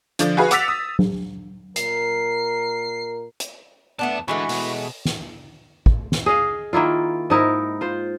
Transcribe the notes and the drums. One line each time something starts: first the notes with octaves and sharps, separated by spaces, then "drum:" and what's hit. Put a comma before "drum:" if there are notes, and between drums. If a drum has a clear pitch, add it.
D3 F3 D4, drum: hi-hat
F#4 G#4 B4 F5
F#5 D6 E6 A6 B6 F7, drum: hi-hat
D#6
drum: tom F#3
A#2 A#4 C7, drum: hi-hat
drum: hi-hat
E2 A3 B3 D4 A5
D3 E3 G#3 A3 F#4 B5 C#6
B2, drum: open hi-hat
drum: snare
drum: kick
drum: snare
G#4 D#5 F5
D#3 A#3 E4 F4
G#2 D#4 E4 A#4
F4 C5